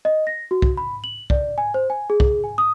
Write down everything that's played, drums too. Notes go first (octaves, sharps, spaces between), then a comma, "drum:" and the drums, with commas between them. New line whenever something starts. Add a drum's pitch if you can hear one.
D#5
A#6
F#4
drum: kick
B5
F#7
D5, drum: kick
G#5
C5
G#5
G#4
drum: kick
G#5
D#6